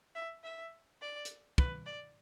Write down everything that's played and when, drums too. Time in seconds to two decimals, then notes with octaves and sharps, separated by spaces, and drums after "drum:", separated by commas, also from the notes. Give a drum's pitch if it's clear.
0.15 E5
0.44 E5
1.01 D5
1.25 drum: hi-hat
1.58 B4, drum: kick
1.86 D5